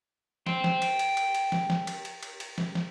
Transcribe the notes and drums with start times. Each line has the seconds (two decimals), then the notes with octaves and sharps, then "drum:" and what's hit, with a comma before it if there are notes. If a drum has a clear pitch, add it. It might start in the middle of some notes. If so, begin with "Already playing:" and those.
0.47 G5 C6, drum: snare
0.64 drum: snare
0.82 drum: cymbal
0.99 drum: cymbal
1.17 drum: cymbal
1.35 drum: cymbal
1.52 drum: snare
1.70 drum: snare
1.87 drum: cymbal
2.05 drum: cymbal
2.23 drum: cymbal
2.40 drum: cymbal
2.58 drum: snare
2.75 drum: snare